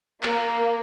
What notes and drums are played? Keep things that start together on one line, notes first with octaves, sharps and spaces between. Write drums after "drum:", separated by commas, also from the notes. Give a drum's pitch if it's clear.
A#3, drum: clap